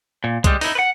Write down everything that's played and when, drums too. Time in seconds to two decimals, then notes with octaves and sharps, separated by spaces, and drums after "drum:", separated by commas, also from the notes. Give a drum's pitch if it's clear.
0.24 A#2
0.44 G3 G#3, drum: kick C2, hi-hat
0.61 D#4 E4, drum: open hi-hat
0.75 B4 F#5